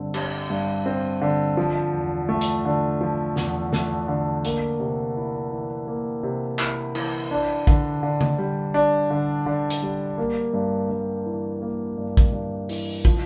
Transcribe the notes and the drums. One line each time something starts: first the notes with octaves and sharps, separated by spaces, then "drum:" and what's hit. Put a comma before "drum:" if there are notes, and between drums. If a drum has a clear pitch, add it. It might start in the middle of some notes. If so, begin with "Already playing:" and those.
Already playing: G2 D3 C4
G3, drum: cymbal
G2
C4
D3
F3
E2
A3
drum: hi-hat
D3
F3
E2, drum: snare
A3, drum: snare
D3
A#3, drum: hi-hat
C3
E4
E3
A#3
C3
E4, drum: clap
E3, drum: cymbal
D4
D3, drum: kick
D3
drum: tom C#3
G3
D4
D3
D3
drum: hi-hat
G3
A#3
G2
G2
E3
A#3
G2
drum: kick
G2
E3, drum: open hi-hat
F3, drum: kick